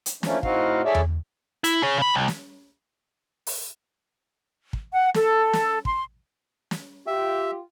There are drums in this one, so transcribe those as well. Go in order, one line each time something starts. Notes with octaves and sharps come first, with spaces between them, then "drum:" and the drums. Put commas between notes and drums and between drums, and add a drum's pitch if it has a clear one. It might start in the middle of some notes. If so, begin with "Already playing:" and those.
drum: hi-hat
E3 F3 A3 A#3 C#4 D4, drum: snare
A2 C4 D#4 F#4 F5, drum: kick
E4 G#4 A4 C#5 D5 E5
drum: tom E2
E4, drum: hi-hat
G#4 C#5
C#3 B5
C2
drum: snare
drum: open hi-hat
drum: kick
F#5
A4, drum: snare
drum: snare
C6, drum: kick
drum: snare
F4 G4 E5